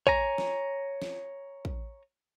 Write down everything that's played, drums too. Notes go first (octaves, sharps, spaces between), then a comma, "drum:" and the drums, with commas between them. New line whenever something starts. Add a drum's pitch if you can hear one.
C#5 G#5 A#5, drum: kick
drum: snare
drum: snare
drum: kick